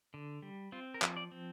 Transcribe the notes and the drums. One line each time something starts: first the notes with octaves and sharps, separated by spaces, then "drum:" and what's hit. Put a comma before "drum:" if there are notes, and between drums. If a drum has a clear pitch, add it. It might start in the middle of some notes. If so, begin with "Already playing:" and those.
D3
G3
C4 F4
A#4
F3, drum: clap
D5
C4